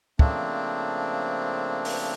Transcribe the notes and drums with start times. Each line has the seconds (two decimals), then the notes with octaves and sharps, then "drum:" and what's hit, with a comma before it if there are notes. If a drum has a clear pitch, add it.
0.19 C#3 F3 A3 A#3 C4 D4, drum: kick
1.85 drum: open hi-hat